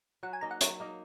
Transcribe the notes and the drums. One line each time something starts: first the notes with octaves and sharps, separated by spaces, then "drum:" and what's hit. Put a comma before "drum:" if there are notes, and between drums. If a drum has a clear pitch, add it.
F#3 F#5
G#5
A#3 D#4 A#5
F#5
F#3 C#5, drum: hi-hat
A#3 D#4